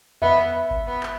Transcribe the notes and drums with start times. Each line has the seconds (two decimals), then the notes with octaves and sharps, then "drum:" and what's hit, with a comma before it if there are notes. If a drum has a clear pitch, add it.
0.22 B3 E5, drum: tom E2
0.71 drum: kick G#1
0.87 B3
1.03 drum: clap